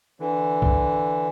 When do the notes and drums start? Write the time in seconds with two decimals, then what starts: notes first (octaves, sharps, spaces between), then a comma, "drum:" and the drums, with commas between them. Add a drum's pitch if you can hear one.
0.20 D3 E3
0.62 drum: kick B1